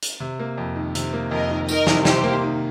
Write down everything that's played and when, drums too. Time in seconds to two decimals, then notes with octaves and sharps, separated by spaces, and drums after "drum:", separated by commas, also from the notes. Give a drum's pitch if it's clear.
0.02 drum: hi-hat
0.20 C3
0.39 A#3
0.58 F2
0.76 D#3
0.95 C3, drum: hi-hat
1.13 A#3
1.31 F2 A#4 D#5
1.50 D#3
1.69 D#3 A#4 D#5, drum: tambourine
1.87 C3, drum: snare
2.05 C3 G4 C5, drum: snare
2.24 A#3
2.43 D#3